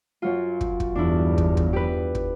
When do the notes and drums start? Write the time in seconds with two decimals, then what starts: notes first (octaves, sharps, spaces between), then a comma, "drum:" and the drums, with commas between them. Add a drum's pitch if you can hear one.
0.22 F#2 F#3 F4
0.61 drum: kick
0.80 drum: kick
0.95 E2 G2 D4 E4
1.38 drum: kick
1.57 drum: kick
1.73 G4 B4
2.15 drum: kick